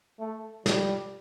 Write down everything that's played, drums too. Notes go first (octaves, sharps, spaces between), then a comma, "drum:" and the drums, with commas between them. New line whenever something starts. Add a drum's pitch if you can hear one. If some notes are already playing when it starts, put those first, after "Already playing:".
A3
G3, drum: snare